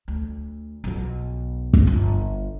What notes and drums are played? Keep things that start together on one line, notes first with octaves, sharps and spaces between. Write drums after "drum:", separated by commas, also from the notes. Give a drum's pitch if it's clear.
D2
B1 B2
drum: kick
G1